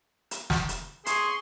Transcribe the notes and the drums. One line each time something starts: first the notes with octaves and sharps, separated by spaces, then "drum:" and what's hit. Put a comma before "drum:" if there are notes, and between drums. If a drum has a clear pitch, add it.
drum: hi-hat
drum: snare
drum: hi-hat
G#4 C6 C#6, drum: hi-hat